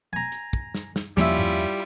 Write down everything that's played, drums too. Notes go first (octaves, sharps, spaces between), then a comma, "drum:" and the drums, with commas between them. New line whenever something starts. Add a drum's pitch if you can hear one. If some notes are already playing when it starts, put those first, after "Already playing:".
G#5 A#5
drum: hi-hat
drum: kick
drum: snare
drum: snare
E2 F3 G3 A#3 C#4 E4 F4 E5, drum: snare
drum: tom G2
drum: hi-hat